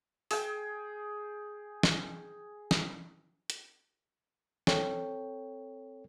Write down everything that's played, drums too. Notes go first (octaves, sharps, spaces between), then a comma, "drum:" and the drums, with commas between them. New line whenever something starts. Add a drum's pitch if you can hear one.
G#4 G5, drum: open hi-hat
drum: snare
drum: snare
drum: hi-hat
C4 A4 C#5 G5, drum: snare